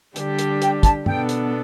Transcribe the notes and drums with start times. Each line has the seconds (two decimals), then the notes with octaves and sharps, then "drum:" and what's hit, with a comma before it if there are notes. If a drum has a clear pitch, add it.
0.16 D3 G3 D4 G4, drum: hi-hat
0.39 drum: hi-hat
0.62 G5, drum: hi-hat
0.83 A5, drum: kick, hi-hat
1.06 B2 B3 D4 A4 G5, drum: tom
1.29 drum: hi-hat